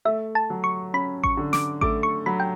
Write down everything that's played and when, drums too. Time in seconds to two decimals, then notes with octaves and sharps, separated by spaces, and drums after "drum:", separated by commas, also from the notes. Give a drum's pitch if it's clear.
0.05 A3 E5
0.35 A5
0.50 F#3
0.64 C#6
0.94 C#4 B5
1.24 C#6, drum: kick A1
1.37 D3
1.53 D6, drum: snare
1.81 A3 D6, drum: kick A1
2.03 C#6
2.26 F#3 B5
2.40 G5